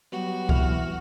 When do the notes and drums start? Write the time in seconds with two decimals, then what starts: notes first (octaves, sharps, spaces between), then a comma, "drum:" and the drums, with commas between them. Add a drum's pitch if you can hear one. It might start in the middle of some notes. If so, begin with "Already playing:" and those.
0.12 F#3 G3 B3 F#4
0.49 B2 E3 F6, drum: kick C2